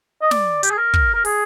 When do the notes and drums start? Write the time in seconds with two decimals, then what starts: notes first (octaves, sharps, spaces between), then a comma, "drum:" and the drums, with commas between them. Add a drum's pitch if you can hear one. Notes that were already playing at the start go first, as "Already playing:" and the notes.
0.22 D#5
0.31 D5, drum: snare
0.63 G4, drum: hi-hat
0.71 G#4
0.78 A#4
0.94 drum: kick
1.15 A#4
1.25 G#4, drum: open hi-hat